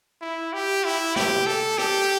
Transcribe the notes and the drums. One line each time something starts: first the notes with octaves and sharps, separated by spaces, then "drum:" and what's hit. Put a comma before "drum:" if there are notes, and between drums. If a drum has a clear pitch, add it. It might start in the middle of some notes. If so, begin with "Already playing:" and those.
E4
G4
E4
G4, drum: snare
A4
G4, drum: rim click